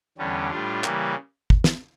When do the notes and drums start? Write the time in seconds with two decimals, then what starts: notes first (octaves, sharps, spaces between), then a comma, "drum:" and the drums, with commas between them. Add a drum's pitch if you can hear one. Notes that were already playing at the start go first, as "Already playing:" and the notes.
0.18 E2 D3 G3 C#4
0.51 A2 G3 D4 F4
0.84 C#3 E3 G3 A#3, drum: clap
1.50 drum: kick
1.64 drum: snare